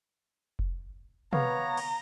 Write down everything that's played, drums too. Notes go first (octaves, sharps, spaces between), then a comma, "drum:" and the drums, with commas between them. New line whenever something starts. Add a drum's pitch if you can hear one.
drum: kick F1
B3 B4 C#5 F5 A#5, drum: tom
drum: cymbal